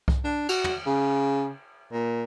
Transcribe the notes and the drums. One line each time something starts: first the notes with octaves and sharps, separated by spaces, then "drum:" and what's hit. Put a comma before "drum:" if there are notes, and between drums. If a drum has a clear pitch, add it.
drum: kick C2
D4
F#4, drum: cymbal
drum: tom
C#3
A#2